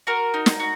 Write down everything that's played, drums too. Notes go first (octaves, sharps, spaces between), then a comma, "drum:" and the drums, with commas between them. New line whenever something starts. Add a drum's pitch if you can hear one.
F#4 A#4
D#4
drum: snare
F#4